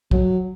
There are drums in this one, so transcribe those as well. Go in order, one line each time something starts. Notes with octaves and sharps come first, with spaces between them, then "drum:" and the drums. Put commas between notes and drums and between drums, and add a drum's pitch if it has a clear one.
F#3, drum: kick